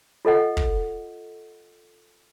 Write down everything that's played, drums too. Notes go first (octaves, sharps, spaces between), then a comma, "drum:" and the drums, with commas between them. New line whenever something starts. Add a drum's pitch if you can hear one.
F4 A4 D#5 F#5
drum: kick